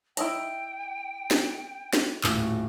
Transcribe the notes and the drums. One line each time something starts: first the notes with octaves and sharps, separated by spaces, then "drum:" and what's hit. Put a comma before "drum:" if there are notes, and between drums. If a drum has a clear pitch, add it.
E4 D#5 G5 A#5, drum: hi-hat
drum: snare
drum: snare
D#1 A2 F#4, drum: clap